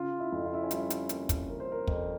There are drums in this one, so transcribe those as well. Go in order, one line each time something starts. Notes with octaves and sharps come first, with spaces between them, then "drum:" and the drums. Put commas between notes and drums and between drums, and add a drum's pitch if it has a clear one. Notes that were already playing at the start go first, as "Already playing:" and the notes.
Already playing: C#3 F4
E4
F2
F4
E4
C#4
G3 E4, drum: hi-hat
drum: hi-hat
A#3, drum: hi-hat
drum: kick, hi-hat
C#3 A#4
C5
A#4
F2, drum: kick